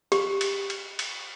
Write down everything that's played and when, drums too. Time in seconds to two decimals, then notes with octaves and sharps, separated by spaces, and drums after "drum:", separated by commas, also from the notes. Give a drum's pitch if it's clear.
0.12 G4, drum: cymbal
0.41 drum: cymbal
0.70 drum: cymbal
0.99 drum: cymbal